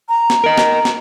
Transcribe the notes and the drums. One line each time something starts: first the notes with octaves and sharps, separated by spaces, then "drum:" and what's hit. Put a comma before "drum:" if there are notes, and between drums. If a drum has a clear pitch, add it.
A#5
drum: snare
A#4 D#5
drum: snare
drum: snare